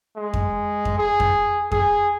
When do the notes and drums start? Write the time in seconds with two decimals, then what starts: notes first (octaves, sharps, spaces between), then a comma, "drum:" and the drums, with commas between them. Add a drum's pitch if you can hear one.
0.16 G#3
0.34 drum: kick F2
0.85 drum: kick F2
0.98 G#4
1.20 drum: kick F2
1.72 G#4, drum: kick F2